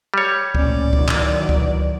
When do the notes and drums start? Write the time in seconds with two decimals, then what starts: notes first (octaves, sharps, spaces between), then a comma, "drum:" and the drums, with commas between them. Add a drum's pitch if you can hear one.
0.14 G3 C#5
0.55 A1 A#2 C#4 D5, drum: kick C#2
0.93 D#3 E3 F#3, drum: kick C#2
1.08 drum: clap
1.49 drum: kick C#2